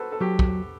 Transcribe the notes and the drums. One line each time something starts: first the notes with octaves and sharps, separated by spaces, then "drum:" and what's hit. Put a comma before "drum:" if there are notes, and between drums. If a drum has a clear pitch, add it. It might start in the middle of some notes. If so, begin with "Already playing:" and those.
Already playing: F#4 A4 B4 C5
A4
F#3 G4
drum: kick